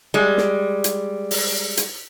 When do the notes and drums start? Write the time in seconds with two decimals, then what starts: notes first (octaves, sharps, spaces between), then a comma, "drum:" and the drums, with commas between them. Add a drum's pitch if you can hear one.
0.14 G3 G#3
0.37 drum: snare
0.84 drum: hi-hat
1.31 drum: open hi-hat
1.77 drum: hi-hat